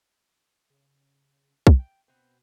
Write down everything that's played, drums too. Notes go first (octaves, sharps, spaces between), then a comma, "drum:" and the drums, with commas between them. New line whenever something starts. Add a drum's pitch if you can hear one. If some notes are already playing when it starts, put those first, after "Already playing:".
C#3
drum: kick
G5
B2 B3 C4